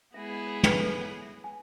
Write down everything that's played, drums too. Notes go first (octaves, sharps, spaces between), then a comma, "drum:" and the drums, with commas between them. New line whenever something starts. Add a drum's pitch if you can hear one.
G#3 B3 E4 G#4 E5
D#5
C#5
B4, drum: tom
A4
C#5
E5
G#5